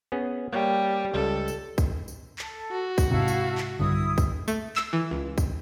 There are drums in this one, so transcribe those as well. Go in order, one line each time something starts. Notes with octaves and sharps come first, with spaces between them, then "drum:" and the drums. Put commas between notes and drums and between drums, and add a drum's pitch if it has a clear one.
B3 C#4 G#4
G3 A#3 C#5 G5
C#2 G3 A4
drum: tambourine
drum: kick, tambourine
drum: tambourine
A4, drum: clap
F#4
drum: kick, tambourine
G#2 C3 E4 F5 A5
drum: tambourine
drum: clap
B1 G2 D3 E4 D#6
drum: kick, tambourine
A3, drum: tambourine
E6, drum: clap
E3
C#2
drum: kick, tambourine